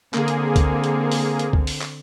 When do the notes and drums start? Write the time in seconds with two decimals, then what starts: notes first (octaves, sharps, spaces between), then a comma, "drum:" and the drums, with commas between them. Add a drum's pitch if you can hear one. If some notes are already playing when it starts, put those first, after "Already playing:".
0.14 D3 A#3 C4 G#4, drum: clap
0.28 drum: hi-hat
0.56 drum: kick C#2, hi-hat
0.84 drum: hi-hat
1.12 drum: open hi-hat
1.39 drum: hi-hat
1.53 drum: kick C#2
1.67 drum: open hi-hat
1.81 drum: clap